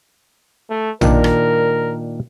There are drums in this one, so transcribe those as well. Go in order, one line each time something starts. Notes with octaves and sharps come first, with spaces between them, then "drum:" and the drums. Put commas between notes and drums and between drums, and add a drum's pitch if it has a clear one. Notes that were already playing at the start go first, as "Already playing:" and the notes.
A3
A#2 D#3 D4 A#4, drum: tom A#1
drum: rim click